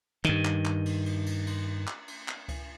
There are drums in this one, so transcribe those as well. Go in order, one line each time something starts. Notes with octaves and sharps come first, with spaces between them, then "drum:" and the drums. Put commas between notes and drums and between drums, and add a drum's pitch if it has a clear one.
G2 D#3, drum: clap
drum: clap
drum: clap
drum: cymbal
drum: cymbal
drum: cymbal
drum: cymbal
drum: clap
drum: cymbal
drum: clap
drum: kick C#2, cymbal